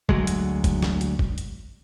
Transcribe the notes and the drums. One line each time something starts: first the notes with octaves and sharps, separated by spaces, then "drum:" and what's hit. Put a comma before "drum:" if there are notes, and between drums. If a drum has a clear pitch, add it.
D2 F#3 G#3, drum: kick
drum: hi-hat
drum: kick, hi-hat
drum: snare
drum: hi-hat
drum: kick
drum: hi-hat